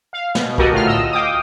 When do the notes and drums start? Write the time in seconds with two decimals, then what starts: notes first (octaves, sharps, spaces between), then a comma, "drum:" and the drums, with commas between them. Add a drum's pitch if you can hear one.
0.13 F5
0.35 B2, drum: snare
0.58 F#4 G4 A4 A#4 D#5 F#5, drum: kick
0.72 D2 A2 F4 F6
0.87 D#5 E6
1.11 F5 G5 D6 D#6